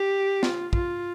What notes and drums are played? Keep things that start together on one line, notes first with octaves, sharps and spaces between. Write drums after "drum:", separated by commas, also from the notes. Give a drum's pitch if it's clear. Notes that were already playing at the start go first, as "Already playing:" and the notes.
Already playing: G4
F4, drum: snare
F4, drum: kick